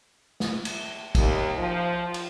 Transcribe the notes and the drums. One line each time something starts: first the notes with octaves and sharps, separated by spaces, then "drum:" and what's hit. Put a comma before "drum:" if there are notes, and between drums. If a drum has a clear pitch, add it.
drum: snare
drum: cymbal
D#2, drum: kick, cymbal
F3
drum: cymbal